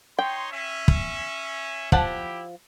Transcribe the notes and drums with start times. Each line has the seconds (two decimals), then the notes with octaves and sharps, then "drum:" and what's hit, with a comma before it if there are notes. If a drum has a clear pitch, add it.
0.19 D#4 C#5 G5 C6
0.52 C#4 E5
0.88 drum: kick
1.92 F3 E4 G4 F#5 A5, drum: kick